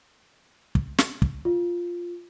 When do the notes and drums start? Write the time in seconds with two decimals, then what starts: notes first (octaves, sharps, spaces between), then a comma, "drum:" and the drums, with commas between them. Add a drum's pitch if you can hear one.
0.75 drum: kick
0.98 drum: snare
1.22 drum: kick
1.45 F4